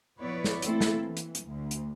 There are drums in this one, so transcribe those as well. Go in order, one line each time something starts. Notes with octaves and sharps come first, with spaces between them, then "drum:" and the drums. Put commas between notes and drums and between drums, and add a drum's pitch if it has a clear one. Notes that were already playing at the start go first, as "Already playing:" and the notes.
F3 B3 E4 B4 C#5 D5
drum: snare
E3 A3 A#3 C4 E4 A4, drum: hi-hat
drum: snare
E3
drum: hi-hat
drum: hi-hat
D2
drum: hi-hat